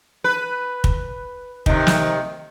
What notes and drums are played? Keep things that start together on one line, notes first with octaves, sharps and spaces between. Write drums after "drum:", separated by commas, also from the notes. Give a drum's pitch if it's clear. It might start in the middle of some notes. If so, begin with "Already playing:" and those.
B4
drum: kick
C3 D#3, drum: kick
drum: snare